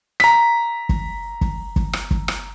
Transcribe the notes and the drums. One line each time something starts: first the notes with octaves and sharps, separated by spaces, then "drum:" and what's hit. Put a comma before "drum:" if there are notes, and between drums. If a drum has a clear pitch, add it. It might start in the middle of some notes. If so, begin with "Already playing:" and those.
A#5 B6, drum: rim click
drum: kick
drum: kick
drum: kick
drum: rim click
drum: kick
drum: rim click